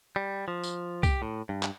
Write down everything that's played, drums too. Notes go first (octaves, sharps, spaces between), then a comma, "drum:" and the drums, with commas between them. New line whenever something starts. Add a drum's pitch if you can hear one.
G3
F3
drum: tambourine
G4, drum: kick C2, tambourine
A2
G2
drum: clap